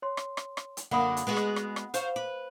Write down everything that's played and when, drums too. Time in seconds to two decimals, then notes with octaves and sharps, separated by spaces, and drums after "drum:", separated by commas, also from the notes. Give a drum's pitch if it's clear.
0.02 C#5 C6
0.17 drum: rim click
0.37 drum: rim click
0.57 drum: rim click
0.77 drum: hi-hat
0.91 F#2 D3 A#3 F#5 B5 D#6
1.17 drum: hi-hat
1.27 G#3 B3 F#4
1.36 drum: rim click
1.56 drum: rim click
1.76 drum: rim click
1.94 F4 C5 C#5, drum: hi-hat
2.16 B4